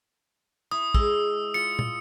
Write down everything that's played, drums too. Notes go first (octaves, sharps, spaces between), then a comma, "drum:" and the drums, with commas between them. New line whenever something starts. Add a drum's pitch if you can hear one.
E4 D#6
G#3 E6, drum: kick
F4 C#7
drum: tom